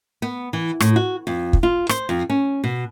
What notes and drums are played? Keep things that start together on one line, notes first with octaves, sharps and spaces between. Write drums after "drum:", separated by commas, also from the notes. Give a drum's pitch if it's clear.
B3
E3
A2, drum: rim click
F#4
F2
drum: kick
F4
C5, drum: rim click
F2
C#4
B2